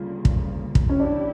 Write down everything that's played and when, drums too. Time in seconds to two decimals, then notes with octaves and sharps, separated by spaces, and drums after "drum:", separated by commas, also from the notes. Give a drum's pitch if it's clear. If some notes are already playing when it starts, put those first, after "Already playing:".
Already playing: D2 C#3 G3 A#3 F4
0.25 drum: kick
0.75 drum: kick
0.89 C#4
1.00 E3 A#3 D4 E4 G4